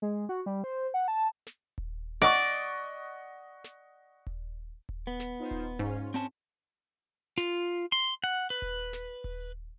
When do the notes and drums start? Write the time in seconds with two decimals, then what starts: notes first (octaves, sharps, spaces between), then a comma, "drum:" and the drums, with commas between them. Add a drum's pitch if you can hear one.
0.02 G#3
0.29 F#4
0.46 G3
0.64 C5
0.94 F#5
1.08 A5
1.47 drum: snare
1.78 drum: kick D#1
2.22 D5 D#5 F#5 C#6
3.64 drum: snare
4.27 drum: kick D#1
4.89 drum: kick D#1
5.07 B3
5.20 drum: snare
5.40 D#4 F4 C5
5.51 drum: kick D#1
5.79 G#2 C#4 F4
6.14 C4 C#4 A5
7.38 F4, drum: snare
7.92 C6
8.24 F#5
8.50 B4
8.62 drum: kick D#1
8.93 drum: snare
9.24 drum: kick D#1